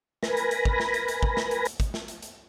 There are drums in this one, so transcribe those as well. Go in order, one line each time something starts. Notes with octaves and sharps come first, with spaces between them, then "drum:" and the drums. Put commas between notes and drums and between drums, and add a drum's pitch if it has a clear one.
A#4 B4 G#5 B5 A#6, drum: snare
drum: hi-hat
drum: hi-hat
drum: kick
drum: snare
drum: hi-hat
drum: hi-hat
drum: kick
drum: snare
drum: hi-hat
drum: hi-hat
drum: kick, hi-hat
drum: snare
drum: hi-hat
drum: hi-hat